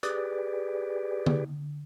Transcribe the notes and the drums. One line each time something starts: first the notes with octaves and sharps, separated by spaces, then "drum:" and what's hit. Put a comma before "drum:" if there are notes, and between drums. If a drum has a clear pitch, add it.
G4 G#4 B4 D5, drum: hi-hat
drum: tom D3